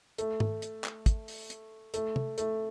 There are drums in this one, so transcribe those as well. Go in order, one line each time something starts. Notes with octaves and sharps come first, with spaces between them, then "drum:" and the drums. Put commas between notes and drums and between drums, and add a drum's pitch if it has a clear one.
A3, drum: hi-hat
drum: tom G#2
drum: hi-hat
drum: clap
drum: kick, hi-hat
drum: open hi-hat
drum: hi-hat
A3, drum: hi-hat
drum: tom
A3, drum: hi-hat